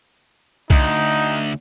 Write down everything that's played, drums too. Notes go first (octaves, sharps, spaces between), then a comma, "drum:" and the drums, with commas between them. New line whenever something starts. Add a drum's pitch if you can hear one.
D2 D#4, drum: kick C2